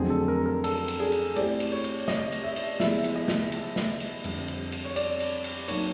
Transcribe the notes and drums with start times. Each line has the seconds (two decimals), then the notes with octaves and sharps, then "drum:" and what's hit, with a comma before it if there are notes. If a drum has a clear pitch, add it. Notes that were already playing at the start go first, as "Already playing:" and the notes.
Already playing: F2 D3 F#3 A3 C4 G#4
0.10 A4
0.28 A#4
0.46 A#4
0.64 A4, drum: cymbal
0.88 drum: cymbal
1.00 G#4
1.12 drum: cymbal
1.36 A3 C4 E4 G4 C5 D5, drum: cymbal
1.60 drum: cymbal
1.72 C#5
1.84 drum: cymbal
2.08 D#5, drum: snare
2.32 drum: cymbal
2.43 E5
2.56 drum: cymbal
2.80 F3 G#3 B3 E4 G4 E5, drum: snare
3.04 drum: cymbal
3.16 D#5
3.28 drum: snare
3.52 drum: cymbal
3.76 drum: snare
4.00 drum: cymbal
4.24 F2 D3 G3 C4, drum: cymbal
4.48 drum: cymbal
4.72 drum: cymbal
4.85 C#5
4.96 D5, drum: cymbal
5.20 drum: cymbal
5.44 drum: cymbal
5.68 F#3 A#3 D#4 C#5, drum: cymbal